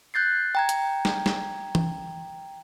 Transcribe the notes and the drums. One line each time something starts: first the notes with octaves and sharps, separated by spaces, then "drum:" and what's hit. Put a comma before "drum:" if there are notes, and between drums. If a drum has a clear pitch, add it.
F#6 G6 A6 C7
G5 A#5 G#6
drum: hi-hat
drum: snare
drum: snare
drum: tom E3